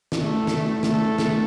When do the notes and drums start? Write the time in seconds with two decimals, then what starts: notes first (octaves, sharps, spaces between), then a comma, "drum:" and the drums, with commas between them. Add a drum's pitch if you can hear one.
0.12 drum: snare
0.21 A3
0.47 drum: snare
0.83 A3, drum: snare
1.18 drum: snare